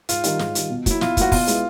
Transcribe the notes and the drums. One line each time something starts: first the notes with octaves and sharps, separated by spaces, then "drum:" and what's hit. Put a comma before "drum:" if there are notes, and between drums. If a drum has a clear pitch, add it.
G#2 F4, drum: hi-hat
D#3 G3, drum: hi-hat
G#2, drum: snare
D#3 G3, drum: hi-hat
B2
F#3 A#3 E4, drum: kick, hi-hat
B2 F4, drum: snare
F#3 A#3 F#4, drum: kick, hi-hat
B2 F4, drum: kick, open hi-hat
G#3 B3 E4, drum: hi-hat